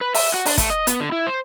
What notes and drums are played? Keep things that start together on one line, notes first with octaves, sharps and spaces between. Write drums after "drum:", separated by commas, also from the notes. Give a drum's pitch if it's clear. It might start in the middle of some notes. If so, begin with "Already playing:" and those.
B4
E5, drum: open hi-hat
F#4
D4, drum: open hi-hat
A3, drum: kick, hi-hat
D#5
B3, drum: hi-hat
D3
E4
C5